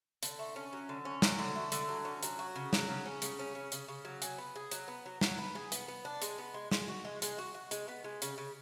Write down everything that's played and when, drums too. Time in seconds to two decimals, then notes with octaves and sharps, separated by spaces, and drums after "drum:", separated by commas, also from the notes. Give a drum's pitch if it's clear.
0.23 D3, drum: hi-hat
0.39 A3
0.56 C#4
0.73 F#3
0.89 D3
1.05 C#4
1.22 F#3, drum: snare
1.39 D3
1.55 A3
1.72 D3, drum: hi-hat
1.89 F#3
2.05 C#4
2.23 F#3, drum: hi-hat
2.39 F#4
2.56 C#3
2.73 F#3, drum: snare
2.89 C#3
3.06 C#4
3.22 C#3, drum: hi-hat
3.39 C#4
3.55 C#3
3.72 C#3, drum: hi-hat
3.88 C#3
4.05 F#3
4.22 G#4, drum: hi-hat
4.38 B3
4.56 G#4
4.71 F#3, drum: hi-hat
4.88 B3
5.06 F#3
5.21 F#3, drum: snare
5.38 B3
5.55 G#4
5.72 B3, drum: hi-hat
5.88 B3
6.05 D4
6.22 G#3, drum: hi-hat
6.38 B3
6.54 G#3
6.71 G#3, drum: snare
6.88 F#4
7.05 G#3
7.22 G#3, drum: hi-hat
7.38 F#4
7.54 F#4
7.71 G#3, drum: hi-hat
7.88 B3
8.04 G#3
8.22 C#3, drum: hi-hat
8.38 C#3